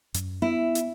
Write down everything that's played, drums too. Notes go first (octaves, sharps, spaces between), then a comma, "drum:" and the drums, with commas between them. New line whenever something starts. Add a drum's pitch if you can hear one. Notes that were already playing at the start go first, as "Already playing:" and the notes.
F#2, drum: hi-hat
B3 E4
drum: hi-hat